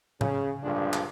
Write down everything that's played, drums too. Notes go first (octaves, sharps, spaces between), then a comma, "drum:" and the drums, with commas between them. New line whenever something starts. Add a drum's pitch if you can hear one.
C#3, drum: tom A2
A#1 G2 D3 F3 G#3 D4
drum: clap